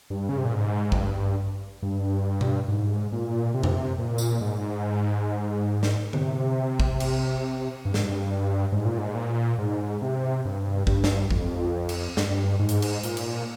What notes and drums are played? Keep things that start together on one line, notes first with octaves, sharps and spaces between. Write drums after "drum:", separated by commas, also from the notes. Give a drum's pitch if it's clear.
G2
C#3
C3
A#2
G#2
F2, drum: kick
G2
G2
drum: tom B2
G#2
A#2
C3
drum: tom F2
A#2
drum: tambourine
G#2
drum: snare
C3, drum: tom D3
drum: kick
drum: cymbal
G2
G#2, drum: snare
G2
G#2
A#2
G#2
A#2
G#2
C3
G2
G2, drum: kick
drum: snare
F2, drum: kick
drum: cymbal
G2, drum: snare
G#2
drum: hi-hat
drum: cymbal
A#2, drum: hi-hat
drum: cymbal